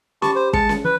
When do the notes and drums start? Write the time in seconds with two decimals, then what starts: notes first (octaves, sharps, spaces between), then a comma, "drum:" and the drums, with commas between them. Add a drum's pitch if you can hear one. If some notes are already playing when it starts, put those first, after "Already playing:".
0.22 G4 A5 B5 C#6 D6, drum: snare C#4
0.36 C5
0.53 G#3 G#4 A5 C#7, drum: kick
0.69 drum: snare C#4
0.85 E3 B4